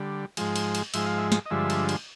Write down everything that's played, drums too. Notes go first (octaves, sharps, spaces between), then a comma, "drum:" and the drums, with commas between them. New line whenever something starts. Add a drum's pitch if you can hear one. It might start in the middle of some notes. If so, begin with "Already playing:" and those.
Already playing: D3 G3
G#2 F3 G#3, drum: cymbal
drum: cymbal
drum: cymbal
G#2 F3 G#3 E5, drum: cymbal
F5
E5
drum: snare
D#5
G2 D3 F3 G#3 E5
drum: cymbal
drum: cymbal